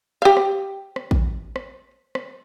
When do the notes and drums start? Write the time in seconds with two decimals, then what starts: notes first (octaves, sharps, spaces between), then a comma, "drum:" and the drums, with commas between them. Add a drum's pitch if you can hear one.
0.22 G4 F5
0.37 drum: rim click
0.96 drum: rim click
1.11 drum: kick A1
1.56 drum: rim click
2.15 drum: rim click